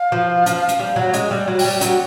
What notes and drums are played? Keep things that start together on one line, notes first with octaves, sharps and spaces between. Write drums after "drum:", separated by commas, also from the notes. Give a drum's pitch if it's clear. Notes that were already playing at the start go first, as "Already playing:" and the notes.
Already playing: F5
F3
F3, drum: hi-hat
drum: hi-hat
G3
F#3
G#3, drum: hi-hat
G3
F#3
G5, drum: open hi-hat
G3
F#3 F#5, drum: hi-hat